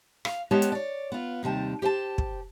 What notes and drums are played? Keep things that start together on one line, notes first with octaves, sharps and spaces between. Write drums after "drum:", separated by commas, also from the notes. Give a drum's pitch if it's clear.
F5, drum: rim click
G#3 B3 G4 B4 C#5 A5
drum: hi-hat
C#5 D5
B3 F4
D#2 C3 G3 A5
G4 C5 G5 A5
drum: kick